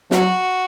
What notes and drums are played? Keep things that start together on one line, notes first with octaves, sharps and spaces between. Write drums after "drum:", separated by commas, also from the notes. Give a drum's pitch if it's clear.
F#3 F#4, drum: snare